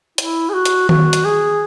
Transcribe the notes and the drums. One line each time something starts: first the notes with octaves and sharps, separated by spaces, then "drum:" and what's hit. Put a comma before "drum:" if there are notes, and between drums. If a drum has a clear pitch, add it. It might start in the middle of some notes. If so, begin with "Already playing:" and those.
E4, drum: hi-hat
G#4
F#4
drum: hi-hat
F#4, drum: tom D#3
drum: hi-hat
G#4